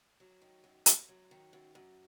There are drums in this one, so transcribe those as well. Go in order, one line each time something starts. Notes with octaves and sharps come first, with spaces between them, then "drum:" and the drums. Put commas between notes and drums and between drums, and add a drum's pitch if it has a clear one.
F#3
D#3
F#2
F#2, drum: hi-hat
F#3
D#3
F#2
F#2